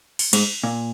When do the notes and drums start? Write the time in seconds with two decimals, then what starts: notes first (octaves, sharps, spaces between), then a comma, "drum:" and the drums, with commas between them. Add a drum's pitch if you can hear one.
0.19 drum: open hi-hat
0.33 G#2, drum: cymbal
0.63 A#2